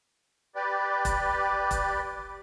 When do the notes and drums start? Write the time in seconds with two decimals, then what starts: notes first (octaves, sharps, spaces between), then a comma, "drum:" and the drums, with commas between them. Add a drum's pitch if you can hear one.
0.55 G4 B4 D5
1.05 drum: kick E1, hi-hat
1.71 drum: kick E1, hi-hat